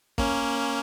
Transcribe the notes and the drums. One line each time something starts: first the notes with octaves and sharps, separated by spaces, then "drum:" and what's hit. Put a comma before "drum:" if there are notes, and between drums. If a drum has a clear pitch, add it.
A#3 C#4, drum: kick